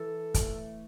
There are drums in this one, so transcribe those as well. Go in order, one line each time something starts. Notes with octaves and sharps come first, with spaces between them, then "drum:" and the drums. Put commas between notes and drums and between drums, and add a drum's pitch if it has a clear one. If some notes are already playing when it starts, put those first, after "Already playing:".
Already playing: E3 A4
A3, drum: kick, hi-hat